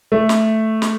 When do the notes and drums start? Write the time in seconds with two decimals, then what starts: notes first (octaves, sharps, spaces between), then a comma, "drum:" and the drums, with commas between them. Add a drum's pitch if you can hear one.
0.12 A3
0.29 drum: snare
0.82 drum: snare